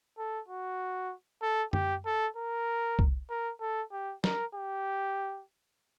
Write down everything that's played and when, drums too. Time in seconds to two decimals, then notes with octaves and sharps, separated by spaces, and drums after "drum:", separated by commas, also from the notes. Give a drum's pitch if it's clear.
0.18 A4
0.48 F#4
1.42 A4
1.73 G4, drum: tom F#2
2.05 A4
2.36 A#4
2.99 drum: kick C2
3.30 A#4
3.61 A4
3.92 G4
4.24 A#4, drum: snare
4.55 G4